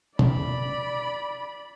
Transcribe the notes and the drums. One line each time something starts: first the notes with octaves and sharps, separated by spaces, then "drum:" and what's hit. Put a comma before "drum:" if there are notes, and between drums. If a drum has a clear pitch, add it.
D5 B5, drum: tom